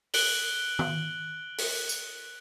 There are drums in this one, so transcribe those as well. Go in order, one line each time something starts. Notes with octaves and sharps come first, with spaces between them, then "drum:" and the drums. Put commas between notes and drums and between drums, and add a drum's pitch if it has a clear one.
F#6 D7 F#7 G7, drum: open hi-hat
drum: tom D#3
drum: open hi-hat
drum: tambourine